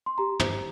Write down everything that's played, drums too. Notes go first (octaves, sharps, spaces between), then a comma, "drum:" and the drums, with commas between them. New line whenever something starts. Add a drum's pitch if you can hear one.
C6
G4 A#5
C5, drum: tom